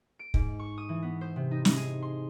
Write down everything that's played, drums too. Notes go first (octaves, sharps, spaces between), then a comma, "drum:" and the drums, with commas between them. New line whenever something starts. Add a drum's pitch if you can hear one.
D7
G#2, drum: kick
C#6
D#6
E3
B3
C5
C3
D#4
D#4, drum: snare
G#4
C6